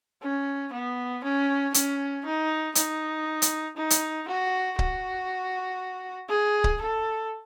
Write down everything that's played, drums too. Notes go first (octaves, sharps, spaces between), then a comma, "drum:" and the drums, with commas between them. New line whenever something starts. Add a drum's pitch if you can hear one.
C#4
B3
C#4
C#4, drum: hi-hat
D#4
D#4, drum: hi-hat
drum: hi-hat
D#4
drum: hi-hat
F#4
F#4, drum: kick C#1
G#4
drum: kick C#1
A4